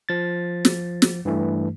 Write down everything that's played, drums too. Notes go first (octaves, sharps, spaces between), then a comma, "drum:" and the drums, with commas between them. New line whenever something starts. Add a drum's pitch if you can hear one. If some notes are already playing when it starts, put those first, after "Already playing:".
F3 A6
drum: snare
drum: snare
G2 E3 A3